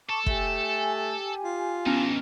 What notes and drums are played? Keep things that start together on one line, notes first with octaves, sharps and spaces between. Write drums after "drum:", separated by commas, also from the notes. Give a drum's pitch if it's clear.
A4 A5 C#6 D6
A3 G4 G#5, drum: kick
F4
E3 B3 C#4 D#4 F6